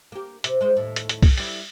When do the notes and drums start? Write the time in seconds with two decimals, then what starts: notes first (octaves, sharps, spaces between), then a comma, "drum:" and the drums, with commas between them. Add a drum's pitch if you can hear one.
0.12 A#3 G4
0.44 C3, drum: hi-hat
0.61 G#3 C5
0.76 D#2 A2
0.96 drum: hi-hat
1.09 drum: hi-hat
1.22 drum: kick, open hi-hat
1.37 G3 E4, drum: open hi-hat